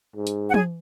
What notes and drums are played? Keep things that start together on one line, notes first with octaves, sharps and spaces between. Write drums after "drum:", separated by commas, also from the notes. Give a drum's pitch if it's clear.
G#2
drum: hi-hat
F#5
G#4 G#5, drum: tom